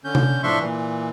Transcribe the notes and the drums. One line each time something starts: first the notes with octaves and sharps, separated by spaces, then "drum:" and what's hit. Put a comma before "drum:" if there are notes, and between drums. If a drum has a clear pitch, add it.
D3 C#4 G6
drum: tom C3
A2 F3 D4 E5 C6 C#6
A#2 E3